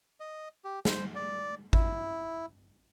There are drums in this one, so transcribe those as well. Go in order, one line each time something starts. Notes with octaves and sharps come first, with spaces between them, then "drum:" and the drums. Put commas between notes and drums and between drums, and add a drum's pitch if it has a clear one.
D#5
G4
C5, drum: snare
D5
E4, drum: kick G#1